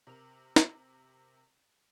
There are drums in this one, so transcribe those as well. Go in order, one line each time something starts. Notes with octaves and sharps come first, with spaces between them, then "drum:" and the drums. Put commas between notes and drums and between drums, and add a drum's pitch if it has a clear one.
C3 A#4 F7
drum: snare